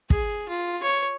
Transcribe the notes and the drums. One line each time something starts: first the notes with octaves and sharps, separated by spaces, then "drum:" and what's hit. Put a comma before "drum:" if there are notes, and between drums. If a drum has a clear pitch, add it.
G#4, drum: kick
F4
C#5